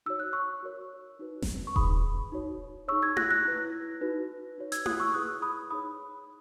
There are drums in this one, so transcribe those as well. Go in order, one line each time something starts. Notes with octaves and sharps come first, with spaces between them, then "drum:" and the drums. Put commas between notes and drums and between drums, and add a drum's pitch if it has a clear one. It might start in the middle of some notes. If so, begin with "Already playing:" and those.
D#4 F#4 C#5 E6
F#6
C#6 E6
F#4 A#4 C#5
D#4 F#4 B4
drum: snare F#1
C#6
D#4 G#4 B4 B5 D#6, drum: kick D#1
D#4 F#4 C#5
D#4 G#4 C#5 C#6 E6
E6 G#6
F#6 A#6, drum: tom E4
F#6 A#6
E4 B4
D#4 F#4 B4
D#4 F#4 C#5
E6 G#6, drum: hi-hat
D#6 F#6, drum: tom E4
C#6 E6
E4 G#4 B4 D#6 F#6
B5 D#6
D#4 G#4 C#5 B5 D#6